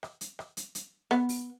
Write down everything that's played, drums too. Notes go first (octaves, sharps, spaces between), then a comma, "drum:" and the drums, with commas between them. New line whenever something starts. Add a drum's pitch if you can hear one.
drum: rim click
drum: hi-hat
drum: rim click
drum: hi-hat
drum: hi-hat
B3, drum: rim click
drum: open hi-hat